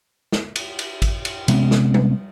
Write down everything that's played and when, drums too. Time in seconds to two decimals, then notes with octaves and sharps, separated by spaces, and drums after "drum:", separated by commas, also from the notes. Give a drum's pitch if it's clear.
0.32 drum: snare
0.56 drum: cymbal
0.79 drum: cymbal
1.02 drum: kick G#1, cymbal
1.25 drum: cymbal
1.48 C3 G#3 B3 C#4, drum: cymbal
1.71 drum: snare
1.94 drum: tom G3